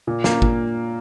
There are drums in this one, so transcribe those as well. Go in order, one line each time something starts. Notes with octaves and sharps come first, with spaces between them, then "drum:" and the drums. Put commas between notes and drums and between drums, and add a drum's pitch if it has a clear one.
A#2
A#3, drum: snare
A#2, drum: kick G#1